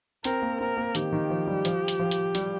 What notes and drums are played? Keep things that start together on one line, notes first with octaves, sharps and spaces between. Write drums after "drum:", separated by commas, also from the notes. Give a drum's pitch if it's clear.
C4 A#4, drum: hi-hat
A#3
C4 A#4
A#3
D#3 G4, drum: hi-hat
D#3
F3
G3
F3, drum: hi-hat
drum: hi-hat
F3
drum: hi-hat
G3, drum: hi-hat